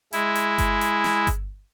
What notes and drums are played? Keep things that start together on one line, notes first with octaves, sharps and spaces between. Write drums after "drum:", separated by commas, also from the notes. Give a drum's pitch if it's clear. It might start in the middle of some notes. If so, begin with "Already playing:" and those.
G#3 E4, drum: hi-hat
drum: hi-hat
drum: kick G1, hi-hat
drum: hi-hat
drum: snare
drum: kick G1, hi-hat